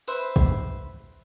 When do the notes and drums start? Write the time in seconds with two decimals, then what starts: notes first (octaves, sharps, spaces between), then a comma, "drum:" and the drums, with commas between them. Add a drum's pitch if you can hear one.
0.08 B4 C5 E5, drum: tambourine
0.36 drum: kick